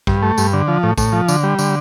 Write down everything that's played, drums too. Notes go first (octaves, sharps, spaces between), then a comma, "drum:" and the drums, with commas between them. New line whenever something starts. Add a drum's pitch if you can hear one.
G2, drum: kick
A3
G2, drum: tambourine
D3
F3
A2
A2, drum: kick, tambourine
F3
D3, drum: tambourine
G3
D3, drum: tambourine